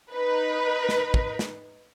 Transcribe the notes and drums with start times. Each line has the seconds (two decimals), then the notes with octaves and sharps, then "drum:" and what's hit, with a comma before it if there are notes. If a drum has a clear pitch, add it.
0.13 D#4 B4
0.89 drum: snare
1.14 drum: kick
1.39 drum: snare